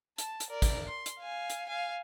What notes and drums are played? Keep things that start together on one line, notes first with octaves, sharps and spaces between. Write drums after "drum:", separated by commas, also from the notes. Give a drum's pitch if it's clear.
A5, drum: hi-hat
drum: hi-hat
A#4 D5
drum: kick, hi-hat
C6
drum: hi-hat
F5 G#5
drum: hi-hat
F5 G#5